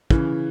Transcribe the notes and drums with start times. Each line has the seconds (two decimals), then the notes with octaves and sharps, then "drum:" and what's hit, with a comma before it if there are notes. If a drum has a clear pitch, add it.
0.10 C#3 E3, drum: kick